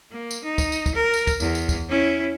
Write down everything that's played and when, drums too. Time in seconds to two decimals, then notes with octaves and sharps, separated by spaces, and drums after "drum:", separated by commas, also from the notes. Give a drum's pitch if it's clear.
0.12 A#3
0.31 drum: tambourine
0.44 D#4
0.58 drum: kick, tambourine
0.72 drum: tambourine
0.86 drum: kick, tambourine
0.95 A#4
1.14 drum: tambourine
1.27 drum: kick, tambourine
1.40 E2, drum: tambourine
1.55 drum: tambourine
1.69 drum: kick, tambourine
1.89 C#4 E4